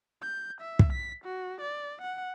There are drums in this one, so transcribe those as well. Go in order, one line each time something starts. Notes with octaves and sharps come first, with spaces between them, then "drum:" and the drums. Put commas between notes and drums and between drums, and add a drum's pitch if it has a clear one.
G6
E5
drum: kick
B6
F#4
D5
F#5